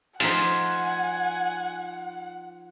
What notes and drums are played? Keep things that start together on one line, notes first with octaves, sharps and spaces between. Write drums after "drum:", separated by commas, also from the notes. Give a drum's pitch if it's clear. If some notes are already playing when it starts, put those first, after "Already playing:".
F3 D#4 F4 F#5 G#5, drum: open hi-hat